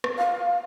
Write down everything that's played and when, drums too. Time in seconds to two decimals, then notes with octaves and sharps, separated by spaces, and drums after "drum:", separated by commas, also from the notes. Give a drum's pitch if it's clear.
0.04 drum: rim click
0.18 F5